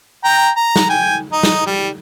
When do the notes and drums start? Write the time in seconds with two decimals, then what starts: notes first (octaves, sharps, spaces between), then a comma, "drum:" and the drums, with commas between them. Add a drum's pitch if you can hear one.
0.24 G5 A#5
0.56 A#5
0.76 drum: snare
0.89 G5 G#5
1.32 D#4
1.43 drum: snare
1.66 G3